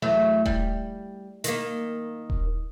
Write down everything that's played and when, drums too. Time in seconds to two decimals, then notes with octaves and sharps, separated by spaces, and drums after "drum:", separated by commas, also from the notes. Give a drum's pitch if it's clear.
0.02 E2 F#3 A3
0.46 G3, drum: kick D#1
1.44 D#3 A#3, drum: hi-hat
2.30 drum: kick D#1